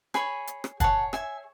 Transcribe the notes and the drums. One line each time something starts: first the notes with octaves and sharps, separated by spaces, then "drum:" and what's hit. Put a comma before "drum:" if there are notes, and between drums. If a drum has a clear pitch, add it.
G#4 C#5 G#5 B5, drum: rim click
drum: hi-hat
drum: rim click
G#4 C#5 F#5 A5, drum: kick, hi-hat
E5 G#5, drum: rim click